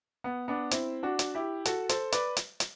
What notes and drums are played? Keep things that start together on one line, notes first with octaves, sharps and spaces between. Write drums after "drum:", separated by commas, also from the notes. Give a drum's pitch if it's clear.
B3
B3 D4
C4 E4, drum: hi-hat
D4 F#4
drum: hi-hat
E4 G4
F#4 A4, drum: hi-hat
A4 C5, drum: hi-hat
B4 D5, drum: hi-hat
drum: hi-hat
drum: hi-hat